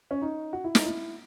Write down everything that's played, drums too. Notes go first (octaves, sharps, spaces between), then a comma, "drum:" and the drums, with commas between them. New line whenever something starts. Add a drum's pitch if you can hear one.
C#4
D#4
F#4
E4
D#4, drum: snare
E4